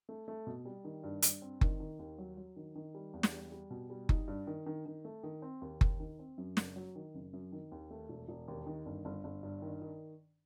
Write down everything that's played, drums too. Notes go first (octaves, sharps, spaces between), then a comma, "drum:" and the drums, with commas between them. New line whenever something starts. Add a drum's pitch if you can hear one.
A3
A3
B2
G3
D#3
G2
G2, drum: hi-hat
C4
D#3, drum: kick F#1
D#3
D#2
F#3
F#3
D#3
D#3
G3
E2
drum: snare
G3
G3
B2
G3
D#4, drum: kick F#1
G2
D#3
D#3
D#3
A3
D#3
C4
D#2
D#2, drum: kick F#1
D#3
C4
F#2
F#1, drum: snare
F#3
D#3
F#1
F#2
D#3
D#2
A3
E1
E1
D#2
D#3
G1
G1
G1
G2
D#3
D#3